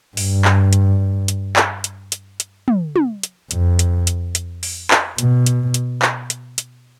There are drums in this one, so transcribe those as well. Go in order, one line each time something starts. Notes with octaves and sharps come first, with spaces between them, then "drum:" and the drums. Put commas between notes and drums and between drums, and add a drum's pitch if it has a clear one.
G2, drum: open hi-hat
drum: clap
drum: hi-hat
drum: hi-hat
drum: clap
drum: hi-hat
drum: hi-hat
drum: hi-hat
drum: tom
drum: tom
drum: hi-hat
F2, drum: hi-hat
drum: hi-hat
drum: hi-hat
drum: hi-hat
drum: open hi-hat
drum: clap
B2, drum: hi-hat
drum: hi-hat
drum: hi-hat
drum: clap
drum: hi-hat
drum: hi-hat